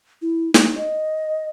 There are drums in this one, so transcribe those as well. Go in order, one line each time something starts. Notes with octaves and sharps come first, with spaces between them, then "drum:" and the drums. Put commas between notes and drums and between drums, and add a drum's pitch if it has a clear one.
E4
D#4, drum: snare
D#5